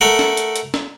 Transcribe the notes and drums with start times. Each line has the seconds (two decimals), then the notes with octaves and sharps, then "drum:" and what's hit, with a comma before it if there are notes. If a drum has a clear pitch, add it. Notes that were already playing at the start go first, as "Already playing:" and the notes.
0.01 A3 A#4 F#5
0.19 drum: snare
0.37 drum: hi-hat
0.56 drum: hi-hat
0.74 drum: snare